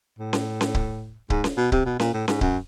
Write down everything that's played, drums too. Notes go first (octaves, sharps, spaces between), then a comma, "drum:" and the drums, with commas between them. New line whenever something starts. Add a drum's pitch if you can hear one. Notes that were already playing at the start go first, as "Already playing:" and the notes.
A2
drum: snare C#4
drum: snare C#4
drum: kick C#1
G#2, drum: kick C#1
drum: snare C#4
B2
C3, drum: kick C#1
B2
A#2, drum: snare C#4
A2
G#2, drum: snare C#4
F#2, drum: kick C#1